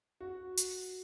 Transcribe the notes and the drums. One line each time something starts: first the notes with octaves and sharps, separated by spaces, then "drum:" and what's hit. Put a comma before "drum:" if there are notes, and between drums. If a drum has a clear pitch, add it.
F#4
drum: hi-hat